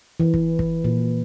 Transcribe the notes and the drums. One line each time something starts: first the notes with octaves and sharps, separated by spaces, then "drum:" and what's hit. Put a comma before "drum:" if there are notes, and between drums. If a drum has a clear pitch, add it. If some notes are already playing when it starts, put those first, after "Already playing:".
E3
drum: kick
drum: kick
A#2